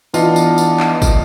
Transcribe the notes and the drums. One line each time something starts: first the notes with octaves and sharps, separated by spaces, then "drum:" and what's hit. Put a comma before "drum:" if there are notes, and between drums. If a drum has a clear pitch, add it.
E3 B3 D4 D#4 F4, drum: tambourine
drum: tambourine
drum: tambourine
drum: clap
drum: kick, tambourine